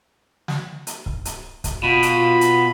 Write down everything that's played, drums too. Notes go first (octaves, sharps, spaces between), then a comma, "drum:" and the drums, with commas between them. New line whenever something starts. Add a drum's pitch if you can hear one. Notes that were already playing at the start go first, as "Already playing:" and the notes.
drum: snare
drum: hi-hat
drum: kick
drum: hi-hat
drum: kick, hi-hat
B2 F4 B5
drum: hi-hat
drum: hi-hat